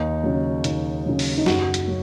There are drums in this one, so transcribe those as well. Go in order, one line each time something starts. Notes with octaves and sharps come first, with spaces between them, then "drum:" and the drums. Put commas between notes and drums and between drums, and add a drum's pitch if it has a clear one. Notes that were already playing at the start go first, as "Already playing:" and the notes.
Already playing: D#2 D#4
C#3 F#3
D#2, drum: hi-hat
C#3 F#3
drum: open hi-hat
D#4
F#1 F#4, drum: snare
drum: hi-hat
F#3